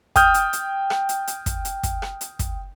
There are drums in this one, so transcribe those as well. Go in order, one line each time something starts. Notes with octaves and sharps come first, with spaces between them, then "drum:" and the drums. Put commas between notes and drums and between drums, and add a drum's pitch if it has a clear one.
G5 D#6 F6 G6, drum: kick, hi-hat
drum: hi-hat
drum: hi-hat
drum: rim click
drum: hi-hat
drum: hi-hat
drum: kick, hi-hat
drum: hi-hat
drum: kick, hi-hat
drum: rim click
drum: hi-hat
drum: kick, hi-hat